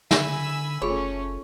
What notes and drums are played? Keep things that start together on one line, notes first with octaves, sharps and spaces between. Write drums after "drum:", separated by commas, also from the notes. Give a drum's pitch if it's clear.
D3 E5 G#5 B5 E6, drum: snare
F#1 A3 C#4 F4 G#4 C#5 B5